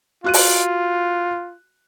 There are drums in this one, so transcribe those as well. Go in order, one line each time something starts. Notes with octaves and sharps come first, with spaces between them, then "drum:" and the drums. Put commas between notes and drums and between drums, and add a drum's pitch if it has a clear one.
F4 F#4 F#6 D#7
drum: open hi-hat